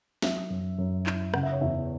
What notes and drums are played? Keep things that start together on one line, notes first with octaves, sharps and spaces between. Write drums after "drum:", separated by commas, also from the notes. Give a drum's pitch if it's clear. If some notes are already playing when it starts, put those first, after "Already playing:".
F#3 E5, drum: snare
F#2
F#2
E4, drum: clap
C#3 F#5, drum: rim click
E5
C#5
E2 E5